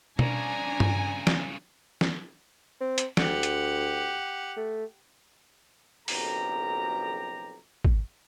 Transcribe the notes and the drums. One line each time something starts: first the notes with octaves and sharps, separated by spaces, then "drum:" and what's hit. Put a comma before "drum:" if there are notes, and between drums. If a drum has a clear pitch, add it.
C2 C#3 D4 G#5 A#5, drum: tom B2
drum: tom G2
drum: snare
drum: snare
C4
drum: hi-hat
D2 G4 F#5, drum: snare
drum: hi-hat
A3
F#1 B1 F2 G4 A#5, drum: open hi-hat
drum: kick G#1